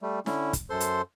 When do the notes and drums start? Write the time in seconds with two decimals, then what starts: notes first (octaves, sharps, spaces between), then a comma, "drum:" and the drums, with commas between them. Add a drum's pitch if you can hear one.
0.02 G3 A3
0.26 D3 C#4 E4, drum: snare
0.53 drum: kick, hi-hat
0.70 F#2 A4 C5 C6
0.80 drum: hi-hat